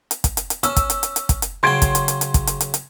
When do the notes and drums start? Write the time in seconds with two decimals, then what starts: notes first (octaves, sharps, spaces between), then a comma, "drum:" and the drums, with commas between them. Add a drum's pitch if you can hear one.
0.11 drum: hi-hat
0.24 drum: kick, hi-hat
0.37 drum: hi-hat
0.50 drum: hi-hat
0.63 C#4 E6, drum: hi-hat
0.76 drum: kick, hi-hat
0.90 drum: hi-hat
1.03 drum: hi-hat
1.16 drum: hi-hat
1.29 drum: kick, hi-hat
1.42 drum: hi-hat
1.63 C#3 F#3 G5 C6 G#6 D7
1.82 drum: kick, hi-hat
1.95 drum: hi-hat
2.08 drum: hi-hat
2.21 drum: hi-hat
2.34 drum: kick, hi-hat
2.47 drum: hi-hat
2.61 drum: hi-hat
2.74 drum: hi-hat